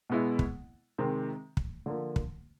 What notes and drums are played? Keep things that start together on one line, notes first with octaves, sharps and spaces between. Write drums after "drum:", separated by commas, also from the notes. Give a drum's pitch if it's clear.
B2 G#3 B3 E4
drum: kick
C3 D#3 G#3 C4
drum: kick
D3 F3 A#3
drum: kick